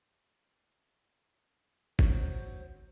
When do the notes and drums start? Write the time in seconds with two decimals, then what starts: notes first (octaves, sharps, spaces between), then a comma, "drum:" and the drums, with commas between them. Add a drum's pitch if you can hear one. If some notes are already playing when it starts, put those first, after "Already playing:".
1.99 F#3 C5, drum: kick